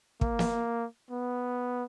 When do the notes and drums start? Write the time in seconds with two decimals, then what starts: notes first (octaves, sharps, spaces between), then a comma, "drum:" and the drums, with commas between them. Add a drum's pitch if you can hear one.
0.21 A#3, drum: kick
0.39 drum: snare
1.11 B3